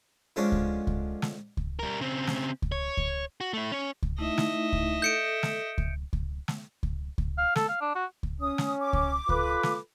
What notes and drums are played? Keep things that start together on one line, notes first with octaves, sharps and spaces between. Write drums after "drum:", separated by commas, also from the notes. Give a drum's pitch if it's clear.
D3 F3 G#3 C#4 D4
drum: kick C#2
drum: kick C#2
drum: snare
drum: kick C#2
G3 A#4
C#3 C4
drum: snare
drum: kick C#2
C#5
drum: kick C#2
F#4
A3 E4
C#4 C#5
drum: kick C#2
A3 D#4 E4 D#5 E5
drum: snare
drum: kick C#2
A4 G6 C#7 D7
drum: snare
drum: kick C#2
drum: kick C#2
drum: snare
drum: kick C#2
drum: kick C#2
F5
A4, drum: snare
F5
D4
F#4
drum: kick C#2
C#4 D#6
drum: snare
D6
drum: kick C#2
F4 A4 B4, drum: kick C#2
drum: snare